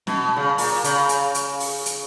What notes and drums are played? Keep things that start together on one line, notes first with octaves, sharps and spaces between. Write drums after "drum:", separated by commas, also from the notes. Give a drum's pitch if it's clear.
B2, drum: snare
C#3
A#2, drum: open hi-hat
C#3, drum: hi-hat
drum: hi-hat
drum: hi-hat
drum: open hi-hat
drum: hi-hat